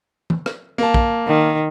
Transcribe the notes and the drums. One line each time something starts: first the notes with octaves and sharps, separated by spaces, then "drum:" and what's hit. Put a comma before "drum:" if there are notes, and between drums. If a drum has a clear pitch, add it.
drum: tom
drum: rim click
A#3 A5
drum: kick
D#3